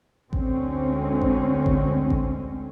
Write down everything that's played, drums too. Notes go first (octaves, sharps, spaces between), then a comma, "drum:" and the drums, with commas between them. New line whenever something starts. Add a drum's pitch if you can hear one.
D2 D3 G#3 C4 C#4, drum: kick A1
drum: kick A1
drum: kick A1
drum: kick A1